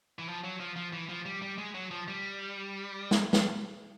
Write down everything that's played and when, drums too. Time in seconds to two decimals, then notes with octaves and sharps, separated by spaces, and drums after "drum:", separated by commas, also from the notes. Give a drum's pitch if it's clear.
0.19 E3
0.27 F3
0.44 F#3
0.60 F3
0.76 F3
0.93 E3
1.09 F3
1.26 G3
1.42 G3
1.58 G#3
1.74 F#3
1.91 F3
2.08 G3
3.11 drum: snare
3.33 drum: snare